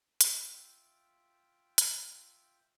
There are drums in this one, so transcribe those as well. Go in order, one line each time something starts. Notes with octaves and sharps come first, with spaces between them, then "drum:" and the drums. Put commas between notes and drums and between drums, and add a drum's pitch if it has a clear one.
F4 E5 G5, drum: hi-hat
drum: hi-hat